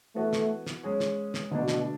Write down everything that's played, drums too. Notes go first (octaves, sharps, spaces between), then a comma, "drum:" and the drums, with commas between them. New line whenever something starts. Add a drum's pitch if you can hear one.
E3 A3 B3 F#4
drum: snare
drum: snare
G#3 C#4 G#4 C#5
drum: snare
drum: snare
B2 D3 A3 D4
drum: snare